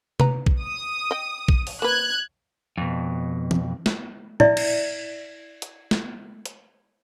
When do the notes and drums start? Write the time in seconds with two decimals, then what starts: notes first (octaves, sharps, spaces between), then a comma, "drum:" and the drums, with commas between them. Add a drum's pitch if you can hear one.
0.20 B4 A#5, drum: tom C3
0.46 drum: kick
0.61 D#6
1.11 D#5 G5
1.48 drum: kick
1.67 drum: open hi-hat
1.82 A#3 B4 F#6 G#6
2.78 F2 B2
3.51 drum: tom E3
3.86 drum: snare
4.40 E4 D5 E5, drum: tom A2
4.57 drum: cymbal
5.62 drum: hi-hat
5.91 drum: snare
6.46 drum: hi-hat